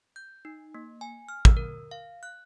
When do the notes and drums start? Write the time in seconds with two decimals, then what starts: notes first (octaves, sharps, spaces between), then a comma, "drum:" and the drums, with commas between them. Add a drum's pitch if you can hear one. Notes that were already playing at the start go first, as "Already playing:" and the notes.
0.16 G6
0.45 D#4
0.74 A#3
1.01 G#5
1.29 F6
1.45 E6, drum: kick
1.57 A#4
1.91 F5
2.23 F#6